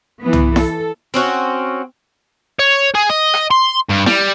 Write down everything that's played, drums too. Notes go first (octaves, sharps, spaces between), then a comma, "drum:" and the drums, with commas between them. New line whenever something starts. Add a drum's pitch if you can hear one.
E3 B3
drum: tom
A4, drum: snare E4
C4 C#4 F#4
C#5
G#4
D#5
drum: rim click
C6
G2
G3, drum: snare E4